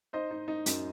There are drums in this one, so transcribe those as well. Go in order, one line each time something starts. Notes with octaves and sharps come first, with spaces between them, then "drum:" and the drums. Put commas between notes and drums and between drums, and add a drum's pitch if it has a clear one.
D#4 C5 D#5
D#4
D#4
F#2, drum: hi-hat